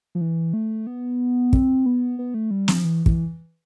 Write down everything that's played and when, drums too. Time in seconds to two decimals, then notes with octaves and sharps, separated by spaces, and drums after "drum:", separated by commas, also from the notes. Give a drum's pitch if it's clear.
0.15 F3
0.21 E3
0.54 A3
0.87 B3
1.53 C4, drum: kick
1.86 B3
2.19 B3
2.34 A3
2.51 G3
2.68 F3, drum: snare
2.84 E3
3.06 E3, drum: kick